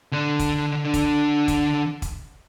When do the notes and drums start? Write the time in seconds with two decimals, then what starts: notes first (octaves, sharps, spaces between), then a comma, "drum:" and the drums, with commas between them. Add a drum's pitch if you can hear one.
0.12 D3 D4
0.39 drum: kick, hi-hat
0.94 drum: kick, hi-hat
1.48 drum: kick, hi-hat
2.02 drum: kick, hi-hat